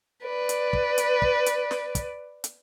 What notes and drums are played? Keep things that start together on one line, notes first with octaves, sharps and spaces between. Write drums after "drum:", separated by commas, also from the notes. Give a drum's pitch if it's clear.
B4 D5
drum: hi-hat
drum: kick
drum: hi-hat
drum: kick
drum: hi-hat
drum: snare
drum: kick, hi-hat
drum: hi-hat